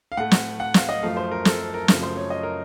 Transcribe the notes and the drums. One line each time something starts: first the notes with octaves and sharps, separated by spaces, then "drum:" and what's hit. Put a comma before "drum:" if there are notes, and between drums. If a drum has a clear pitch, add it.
F5
A2 A3 F#5
drum: snare
F#5
F5, drum: snare
D#5
F#2 F3 A3 F5
C5
A#4
A4, drum: snare
A#4
F#2 C#3 F3 A3, drum: snare
C5
C#5
D#5
A#4